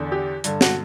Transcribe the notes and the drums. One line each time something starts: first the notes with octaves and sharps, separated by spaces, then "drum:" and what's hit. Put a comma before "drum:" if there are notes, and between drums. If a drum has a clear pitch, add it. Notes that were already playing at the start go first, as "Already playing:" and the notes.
Already playing: E2 D3
G4
G2 D3, drum: hi-hat
F#4, drum: snare